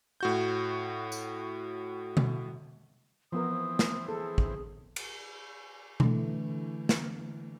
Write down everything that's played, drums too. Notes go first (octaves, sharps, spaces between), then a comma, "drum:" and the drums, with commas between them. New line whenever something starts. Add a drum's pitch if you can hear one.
A2 F#4 G6
drum: tambourine
drum: tom B2
E3 F3 B3 C4 A#4 D#6
drum: snare
G#4 A4
drum: kick
drum: cymbal
D3 E3 A3, drum: tom B2
drum: snare